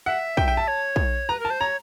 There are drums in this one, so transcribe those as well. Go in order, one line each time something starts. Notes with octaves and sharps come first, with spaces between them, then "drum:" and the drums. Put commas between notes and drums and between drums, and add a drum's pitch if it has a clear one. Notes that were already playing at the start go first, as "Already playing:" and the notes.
E5 F#5
G5, drum: kick
G5
A5
C#5
drum: kick
B4 A#5
A#4 A5
C5
C#5 A#5